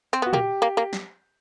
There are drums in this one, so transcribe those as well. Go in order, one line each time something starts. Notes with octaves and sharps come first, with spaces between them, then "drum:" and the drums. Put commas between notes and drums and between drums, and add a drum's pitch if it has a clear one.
C4
B3 F#4
A#3 G4, drum: tom A#2
A#3
A#3
drum: snare